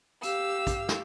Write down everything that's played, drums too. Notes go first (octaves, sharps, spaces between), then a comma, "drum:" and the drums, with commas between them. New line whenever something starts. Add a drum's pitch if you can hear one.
G4 F5 E6, drum: hi-hat
drum: kick, hi-hat
drum: snare